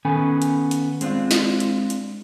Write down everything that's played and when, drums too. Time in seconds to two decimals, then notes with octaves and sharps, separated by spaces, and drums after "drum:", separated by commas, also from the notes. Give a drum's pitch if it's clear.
0.05 D#3 B3 C#4 A4 G#5 B5
0.42 drum: hi-hat
0.71 drum: hi-hat
1.01 G#3 C4 D4 F4, drum: hi-hat
1.31 drum: snare
1.60 drum: hi-hat
1.90 drum: hi-hat